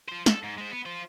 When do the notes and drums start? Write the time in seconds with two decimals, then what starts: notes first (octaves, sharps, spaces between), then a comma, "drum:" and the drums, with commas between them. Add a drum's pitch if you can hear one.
0.08 F4 C5
0.26 A4, drum: snare
0.43 G#2
0.58 G#3 C5
0.72 B3
0.86 F4 C5